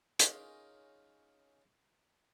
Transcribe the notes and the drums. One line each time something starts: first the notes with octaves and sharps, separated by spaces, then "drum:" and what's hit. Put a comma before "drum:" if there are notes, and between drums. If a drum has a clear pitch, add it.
C#4 D#4 F4 G#4 A#4, drum: hi-hat